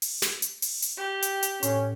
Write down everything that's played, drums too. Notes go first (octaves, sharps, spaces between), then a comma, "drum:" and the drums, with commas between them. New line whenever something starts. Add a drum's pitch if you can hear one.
drum: open hi-hat
drum: snare
drum: hi-hat
drum: open hi-hat
drum: hi-hat
G4
drum: hi-hat
drum: hi-hat
A2 C#4, drum: hi-hat